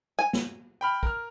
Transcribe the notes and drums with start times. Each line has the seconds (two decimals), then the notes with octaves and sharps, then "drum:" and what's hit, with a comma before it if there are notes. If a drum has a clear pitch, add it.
0.19 G#5
0.33 drum: snare
0.81 G5 B5 F6
1.03 A#4 F6, drum: kick